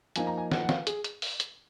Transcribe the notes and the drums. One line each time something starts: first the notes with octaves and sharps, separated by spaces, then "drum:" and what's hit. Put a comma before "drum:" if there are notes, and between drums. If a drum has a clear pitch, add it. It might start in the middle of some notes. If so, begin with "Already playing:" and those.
F3 A#3 D#4 G#5, drum: hi-hat
A#5
G#5
F#5, drum: snare
F#5
F5, drum: snare
G#4, drum: hi-hat
drum: hi-hat
drum: open hi-hat
drum: hi-hat